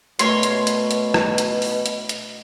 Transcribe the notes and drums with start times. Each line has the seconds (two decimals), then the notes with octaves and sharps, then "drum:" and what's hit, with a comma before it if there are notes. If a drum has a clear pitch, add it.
0.19 B2 A3 D4 A#4 C#5 C6, drum: hi-hat
0.43 drum: hi-hat
0.67 drum: hi-hat
0.91 drum: hi-hat
1.14 drum: rim click
1.38 drum: hi-hat
1.62 drum: open hi-hat
1.86 drum: hi-hat
2.09 drum: hi-hat